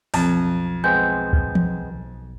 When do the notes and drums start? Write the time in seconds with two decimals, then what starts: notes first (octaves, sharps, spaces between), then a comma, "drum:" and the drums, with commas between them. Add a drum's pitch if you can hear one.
0.14 B1 F2, drum: open hi-hat
0.84 G#3 B3 C4 G#5 G6
1.33 drum: kick
1.55 drum: tom E3